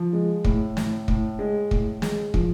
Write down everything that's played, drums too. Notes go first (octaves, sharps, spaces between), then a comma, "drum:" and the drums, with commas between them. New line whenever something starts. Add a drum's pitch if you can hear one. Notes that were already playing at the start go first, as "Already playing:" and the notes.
Already playing: F3
G#3
A2, drum: kick
A2, drum: snare
A2, drum: kick
G#3
A2, drum: kick
G#3, drum: snare
F3, drum: kick